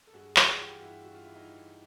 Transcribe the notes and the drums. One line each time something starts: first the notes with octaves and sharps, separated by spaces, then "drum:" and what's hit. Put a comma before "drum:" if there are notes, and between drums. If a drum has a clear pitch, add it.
A4
G2 F#4 G#4
E3 F#4 G#4, drum: clap
E3 F4 G4
G2 E4 F#4
G2 F#4
F4
E3 E4
D#4 F4
E3